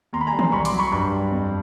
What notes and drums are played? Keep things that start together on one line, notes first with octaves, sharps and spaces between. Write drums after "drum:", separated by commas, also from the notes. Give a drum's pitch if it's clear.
D#2 A#5 C6
B5
G#5 A#5
G3
A#5 C6, drum: tom D#3
C2 B5 C#6
C6 D6, drum: hi-hat
F#3
B5 C#6
G2 B5 C#6
G3
F2